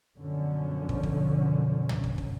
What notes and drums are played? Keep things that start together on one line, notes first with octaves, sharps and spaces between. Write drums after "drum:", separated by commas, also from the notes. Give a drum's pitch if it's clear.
F#2 B2 D3 F3 C#4
drum: kick
drum: kick
drum: tom
drum: kick
drum: kick